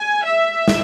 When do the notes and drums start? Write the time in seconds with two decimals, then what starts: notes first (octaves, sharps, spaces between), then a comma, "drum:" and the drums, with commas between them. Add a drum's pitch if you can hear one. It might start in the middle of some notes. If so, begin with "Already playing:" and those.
Already playing: G#5
0.25 E5
0.68 drum: snare